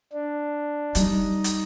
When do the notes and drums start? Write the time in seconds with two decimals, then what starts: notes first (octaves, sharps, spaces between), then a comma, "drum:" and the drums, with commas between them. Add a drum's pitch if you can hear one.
0.12 D4
0.95 G3 D#4, drum: hi-hat
1.44 drum: hi-hat